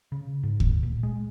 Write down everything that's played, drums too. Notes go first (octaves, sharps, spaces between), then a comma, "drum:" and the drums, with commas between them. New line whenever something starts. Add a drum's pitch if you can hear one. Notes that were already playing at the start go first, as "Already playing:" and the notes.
C#3
G#2
drum: kick D2
A#2
G#3